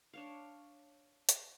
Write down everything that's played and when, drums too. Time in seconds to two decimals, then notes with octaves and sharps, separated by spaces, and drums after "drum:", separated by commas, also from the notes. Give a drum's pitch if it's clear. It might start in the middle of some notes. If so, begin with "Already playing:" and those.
0.13 D4 C#5 F5
1.29 drum: hi-hat